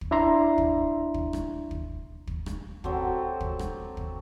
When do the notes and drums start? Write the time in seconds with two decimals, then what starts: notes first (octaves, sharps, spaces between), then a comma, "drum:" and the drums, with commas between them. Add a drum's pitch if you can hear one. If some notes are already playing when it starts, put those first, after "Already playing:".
0.01 drum: kick
0.11 D4 E4 D5 E5 A#5 C6
0.58 drum: kick
1.14 drum: kick
1.33 drum: rim click
1.71 drum: kick
2.27 drum: kick
2.46 drum: rim click
2.84 F#3 C4 G4 A4, drum: kick
3.41 drum: kick
3.59 drum: rim click
3.97 drum: kick